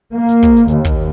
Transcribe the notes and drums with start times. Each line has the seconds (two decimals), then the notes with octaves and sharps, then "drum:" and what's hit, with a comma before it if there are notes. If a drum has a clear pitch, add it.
0.15 A#3
0.29 drum: hi-hat
0.43 drum: kick, hi-hat
0.57 drum: hi-hat
0.68 D#2, drum: hi-hat
0.85 drum: kick, hi-hat